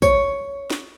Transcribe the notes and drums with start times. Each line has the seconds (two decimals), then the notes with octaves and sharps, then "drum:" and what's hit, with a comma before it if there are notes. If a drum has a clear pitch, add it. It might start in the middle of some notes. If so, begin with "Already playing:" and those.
0.02 C#5, drum: kick, tambourine
0.70 drum: snare